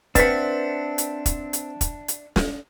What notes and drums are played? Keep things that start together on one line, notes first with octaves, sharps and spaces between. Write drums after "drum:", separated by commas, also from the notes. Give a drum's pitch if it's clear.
C4 D4 B4 E5 F#5 A6 B6, drum: kick E1, hi-hat
drum: hi-hat
drum: kick E1, hi-hat
drum: hi-hat
drum: kick E1, hi-hat
drum: hi-hat
drum: snare